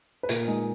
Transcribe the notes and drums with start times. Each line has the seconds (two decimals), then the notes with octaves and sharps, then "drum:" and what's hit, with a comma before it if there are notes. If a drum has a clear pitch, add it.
0.23 B4
0.29 A#2 A#4, drum: hi-hat
0.47 G#3 D#4